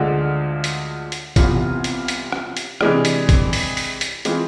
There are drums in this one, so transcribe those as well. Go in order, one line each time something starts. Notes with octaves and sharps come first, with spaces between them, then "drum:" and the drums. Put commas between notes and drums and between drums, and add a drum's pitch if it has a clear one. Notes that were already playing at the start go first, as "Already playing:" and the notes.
Already playing: D2 D3 G#3 D4 F4
drum: hi-hat
drum: hi-hat
C2 C3 E3 B3 F4, drum: kick A1, hi-hat
drum: hi-hat
drum: hi-hat
drum: rim click
drum: hi-hat
C3 E3 G#3 D4, drum: rim click
drum: hi-hat
drum: kick A1, hi-hat
drum: open hi-hat
drum: open hi-hat
drum: hi-hat
E3 G#3 C4 F4, drum: hi-hat